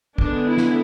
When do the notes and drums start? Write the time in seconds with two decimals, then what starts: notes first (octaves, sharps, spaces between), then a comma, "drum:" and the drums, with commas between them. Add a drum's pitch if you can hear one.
0.18 D3 G#3 B3 D4, drum: kick
0.48 E4
0.57 drum: snare